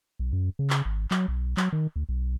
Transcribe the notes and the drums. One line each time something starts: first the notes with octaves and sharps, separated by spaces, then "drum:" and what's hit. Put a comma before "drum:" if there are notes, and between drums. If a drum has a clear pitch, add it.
B1
F#2
C#3
drum: clap
G#1
F#3, drum: clap
B1
F#3, drum: clap
D#3
D2
B1